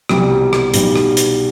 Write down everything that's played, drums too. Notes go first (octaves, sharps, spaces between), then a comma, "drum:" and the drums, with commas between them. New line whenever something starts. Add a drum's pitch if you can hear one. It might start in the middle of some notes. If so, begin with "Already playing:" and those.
C2 B2 G3, drum: rim click
drum: rim click
B1 B2 G3, drum: hi-hat
drum: rim click
drum: hi-hat